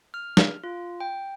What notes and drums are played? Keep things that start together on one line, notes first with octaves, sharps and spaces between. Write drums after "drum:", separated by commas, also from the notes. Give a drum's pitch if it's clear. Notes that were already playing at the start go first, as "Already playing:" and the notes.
F6
drum: snare
F4
G5